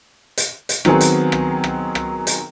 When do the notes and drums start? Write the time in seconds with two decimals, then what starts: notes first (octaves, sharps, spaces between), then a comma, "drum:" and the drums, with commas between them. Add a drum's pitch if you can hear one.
0.37 drum: hi-hat
0.69 drum: hi-hat
0.85 D#3 F#3 B3 C4 G#4, drum: rim click
1.01 drum: hi-hat
1.32 drum: rim click
1.64 drum: rim click
1.95 drum: rim click
2.27 drum: hi-hat